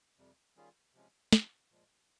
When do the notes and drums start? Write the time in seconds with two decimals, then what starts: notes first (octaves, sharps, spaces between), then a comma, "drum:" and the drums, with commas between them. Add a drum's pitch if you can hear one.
0.18 F2 C3 G3
0.56 D#3 G3 C#4 F4 G#4
0.94 C3 F3 G#3 C#4
1.33 F3 C4 D#4 G4, drum: snare
1.71 A#2 F3 G#3